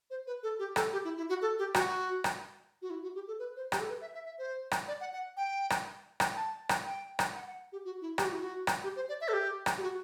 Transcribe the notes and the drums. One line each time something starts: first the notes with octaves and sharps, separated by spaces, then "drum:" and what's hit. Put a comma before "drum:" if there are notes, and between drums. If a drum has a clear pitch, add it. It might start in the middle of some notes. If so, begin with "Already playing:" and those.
C5
B4
A4
G4
A4, drum: rim click
G4
E4
E4
F#4
A4
G4
F#4, drum: rim click
drum: rim click
F#4
E4
F#4
G4
A4
B4
C5
G4, drum: rim click
A4
B4
E5
E5
E5
C5
drum: rim click
D5
F#5
F#5
G5
drum: rim click
drum: rim click
G5
A5
drum: rim click
G5
drum: rim click
F#5
F#5
G4
F#4
E4
G4, drum: rim click
F#4
E4
F#4
drum: rim click
G4
C5
D5
E5
A4
G4
drum: rim click
G4
F#4